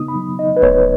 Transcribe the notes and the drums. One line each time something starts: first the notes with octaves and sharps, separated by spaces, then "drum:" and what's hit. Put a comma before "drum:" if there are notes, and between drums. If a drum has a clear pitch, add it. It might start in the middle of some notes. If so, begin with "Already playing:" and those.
Already playing: C#3 B3 D#4 D#6
B5
F#3
D#4 D#5
B4
B3 C#5, drum: kick D1